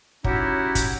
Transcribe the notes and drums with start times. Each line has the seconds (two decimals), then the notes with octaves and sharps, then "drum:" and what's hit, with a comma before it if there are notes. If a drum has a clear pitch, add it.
0.24 F#3 C#4 D#4 E4 F#4 G4, drum: kick
0.75 drum: kick, hi-hat